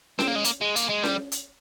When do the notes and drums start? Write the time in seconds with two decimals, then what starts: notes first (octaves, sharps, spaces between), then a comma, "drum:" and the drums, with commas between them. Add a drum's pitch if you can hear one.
0.19 C4, drum: snare C#4
0.27 A#3
0.35 G#3
0.44 A#3, drum: hi-hat
0.61 G#3
0.76 A#3, drum: hi-hat
0.90 G#3
1.04 G3, drum: snare C#4
1.32 drum: hi-hat